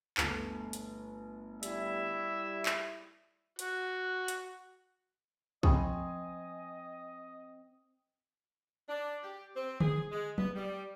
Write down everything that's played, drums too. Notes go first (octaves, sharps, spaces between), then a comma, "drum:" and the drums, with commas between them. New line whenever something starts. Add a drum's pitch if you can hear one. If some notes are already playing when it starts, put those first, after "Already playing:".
G1 A3, drum: clap
drum: hi-hat
G3 E4 E5, drum: hi-hat
drum: clap
F#4, drum: hi-hat
drum: hi-hat
F3 C4 D#5 G#5 B5 C#6 D#6, drum: kick
D4
G4
C4
G#4, drum: tom D3
G#3
B3, drum: tom
G3